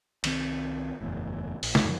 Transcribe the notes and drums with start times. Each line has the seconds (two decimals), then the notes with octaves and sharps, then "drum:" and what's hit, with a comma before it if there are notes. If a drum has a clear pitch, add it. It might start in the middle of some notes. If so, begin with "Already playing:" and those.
0.24 C2 D#3 C4, drum: cymbal
1.01 F#1 E2 A2
1.63 A#1, drum: open hi-hat
1.75 drum: snare
1.85 F#2 D3 F3